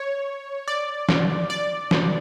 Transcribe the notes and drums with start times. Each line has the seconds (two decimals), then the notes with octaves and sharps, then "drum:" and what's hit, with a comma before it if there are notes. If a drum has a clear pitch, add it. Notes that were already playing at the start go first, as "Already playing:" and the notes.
Already playing: C#5
0.68 D5
1.09 drum: snare
1.50 D5
1.91 drum: snare